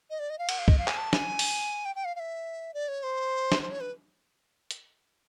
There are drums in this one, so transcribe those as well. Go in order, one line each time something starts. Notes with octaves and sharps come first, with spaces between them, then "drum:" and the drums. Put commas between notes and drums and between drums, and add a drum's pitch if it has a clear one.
D#5
D5
D#5
F5
F#5, drum: cymbal
F5
D#5, drum: kick
F5
G#5, drum: clap
A5
G#5, drum: snare
drum: open hi-hat
G5
G5
F5
F5
E5
D5
C#5
C5
drum: snare
C5
C#5
B4
drum: hi-hat